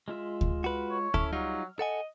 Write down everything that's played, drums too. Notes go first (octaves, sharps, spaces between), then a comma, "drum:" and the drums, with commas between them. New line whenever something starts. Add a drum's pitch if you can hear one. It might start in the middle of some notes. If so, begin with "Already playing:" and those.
G#3 F4 E5
drum: kick D2
F#4 B4
C#5
C#4 E4 A4 F6, drum: kick D2
F#3 G3 D#4 F4
A4 D#5 F#5 G#5